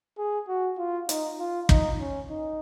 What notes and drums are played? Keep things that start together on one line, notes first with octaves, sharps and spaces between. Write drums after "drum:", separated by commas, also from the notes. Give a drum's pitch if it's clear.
G#4
F#4
F4
D#4, drum: hi-hat
F4
D#4, drum: kick
C#4
D#4